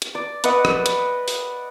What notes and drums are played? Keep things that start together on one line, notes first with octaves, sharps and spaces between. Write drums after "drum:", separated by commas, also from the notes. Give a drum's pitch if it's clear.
drum: hi-hat
D5
B4 D5 D#5 F#5, drum: hi-hat
drum: rim click
drum: hi-hat
drum: open hi-hat